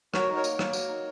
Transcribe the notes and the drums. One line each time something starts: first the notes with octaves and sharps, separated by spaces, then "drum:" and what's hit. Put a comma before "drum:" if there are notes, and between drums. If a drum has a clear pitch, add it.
F#4 A#4 C#5, drum: rim click
D#4
A#4 C#5
A#3, drum: tambourine
A#3, drum: rim click
F#4, drum: tambourine
D#4